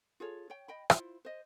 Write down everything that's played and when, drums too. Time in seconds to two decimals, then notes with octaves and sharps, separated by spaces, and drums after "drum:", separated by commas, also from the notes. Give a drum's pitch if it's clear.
0.20 F4 G#4 A4 C#5
0.50 C#5 G5
0.68 D#5 G5 B5
0.90 E4 F4 C5, drum: rim click
1.25 C5 D#5